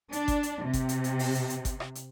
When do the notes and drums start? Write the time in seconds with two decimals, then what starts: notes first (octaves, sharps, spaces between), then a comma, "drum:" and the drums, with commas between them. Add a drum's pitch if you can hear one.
0.13 D4, drum: hi-hat
0.28 drum: kick G1, hi-hat
0.43 drum: hi-hat
0.64 C3
0.73 drum: kick G1, hi-hat
0.89 drum: hi-hat
1.04 drum: hi-hat
1.19 drum: open hi-hat
1.34 drum: hi-hat
1.50 drum: hi-hat
1.65 drum: kick G1, hi-hat
1.80 drum: rim click
1.95 drum: hi-hat